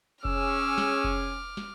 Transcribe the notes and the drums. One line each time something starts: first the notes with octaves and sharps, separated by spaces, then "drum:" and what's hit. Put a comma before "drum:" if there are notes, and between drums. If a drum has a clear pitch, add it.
C#4 G#4 D6 E6 F6, drum: kick F1
drum: snare
drum: kick F1
drum: snare